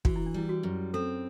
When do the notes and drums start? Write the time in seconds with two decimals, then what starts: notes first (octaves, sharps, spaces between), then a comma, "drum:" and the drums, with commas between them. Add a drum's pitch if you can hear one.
0.05 E3 F#4, drum: kick
0.16 E4
0.26 D4
0.34 G3 E4
0.49 F#4
0.63 F#2
0.94 C4 A4